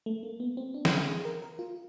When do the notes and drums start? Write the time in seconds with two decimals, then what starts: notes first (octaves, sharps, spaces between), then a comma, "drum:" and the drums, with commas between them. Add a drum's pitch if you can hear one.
0.06 A3
0.23 A#3
0.40 B3
0.57 C4
0.74 D4
0.85 drum: snare
1.08 G#4
1.25 A#4
1.42 A#4
1.59 F4